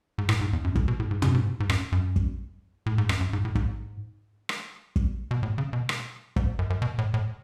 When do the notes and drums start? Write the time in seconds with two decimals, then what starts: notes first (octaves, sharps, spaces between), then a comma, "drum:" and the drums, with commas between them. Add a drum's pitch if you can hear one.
0.18 G#2
0.29 A2, drum: rim click
0.41 G#2
0.53 E2
0.64 F#2
0.75 A2, drum: kick
0.88 B2
1.00 A2
1.11 G#2
1.22 F#2, drum: tom
1.34 G#2
1.60 G#2
1.69 F#2, drum: rim click
1.92 F#2
2.16 drum: kick
2.86 A2
2.98 G#2
3.09 F#2, drum: rim click
3.21 F#2
3.33 G#2
3.45 A2
3.55 G#2, drum: kick
4.49 drum: rim click
4.96 drum: kick
5.31 B2
5.43 A2
5.58 C#3
5.73 B2
5.89 drum: rim click
6.36 G#2, drum: kick
6.59 F#2
6.70 F#2
6.82 B2
6.98 A2
7.14 A2